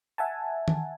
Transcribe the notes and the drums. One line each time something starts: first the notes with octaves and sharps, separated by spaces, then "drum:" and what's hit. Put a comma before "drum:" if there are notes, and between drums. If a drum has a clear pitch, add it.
E5 F#5 G#5 A5
drum: tom D#3